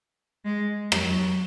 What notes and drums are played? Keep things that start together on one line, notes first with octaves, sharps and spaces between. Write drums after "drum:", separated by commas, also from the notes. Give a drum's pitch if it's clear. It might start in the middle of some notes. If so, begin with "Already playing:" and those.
G#3
F#3, drum: rim click